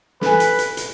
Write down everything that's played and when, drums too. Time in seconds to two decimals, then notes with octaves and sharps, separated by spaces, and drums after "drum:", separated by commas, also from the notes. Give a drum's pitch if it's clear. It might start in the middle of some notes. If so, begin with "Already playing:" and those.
0.21 A4 B4 G#5, drum: snare
0.40 drum: hi-hat
0.59 drum: hi-hat
0.77 drum: hi-hat